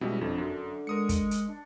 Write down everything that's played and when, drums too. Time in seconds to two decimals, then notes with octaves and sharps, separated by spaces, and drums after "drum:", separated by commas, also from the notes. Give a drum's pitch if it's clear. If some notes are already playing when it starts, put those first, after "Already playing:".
0.01 C#2 B2 G3 E4 F#4 D#5 E5
0.21 G1 F2 D3 D4
0.38 F#2
0.87 G#3 A#4 D#6 C#7
1.09 drum: kick, hi-hat
1.31 drum: hi-hat
1.49 D4